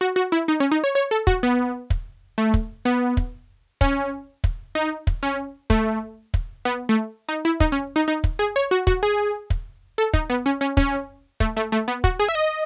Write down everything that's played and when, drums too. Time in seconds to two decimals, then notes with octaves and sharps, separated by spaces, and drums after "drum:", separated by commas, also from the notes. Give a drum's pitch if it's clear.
0.01 F#4
0.16 F#4
0.32 E4
0.48 D#4
0.60 C#4
0.71 D#4
0.84 C#5
0.95 C#5
1.11 A4
1.27 F#4, drum: kick
1.43 B3
1.90 drum: kick
2.38 A3
2.54 drum: kick
2.85 B3
3.17 drum: kick
3.81 C#4, drum: kick
4.44 drum: kick
4.75 D#4
5.07 drum: kick
5.23 C#4
5.70 A3, drum: kick
6.34 drum: kick
6.65 B3
6.89 A3
7.29 D#4
7.45 E4
7.60 D#4, drum: kick
7.72 C#4
7.96 D#4
8.08 D#4
8.24 drum: kick
8.39 G#4
8.56 C#5
8.71 F#4
8.87 F#4, drum: kick
9.03 G#4
9.50 drum: kick
9.98 A4
10.13 D#4, drum: kick
10.30 B3
10.46 C#4
10.61 C#4
10.77 C#4, drum: kick
11.40 A3, drum: kick
11.57 A3
11.72 A3
11.88 B3
12.04 F#4, drum: kick
12.19 G#4
12.29 E5
12.35 D#5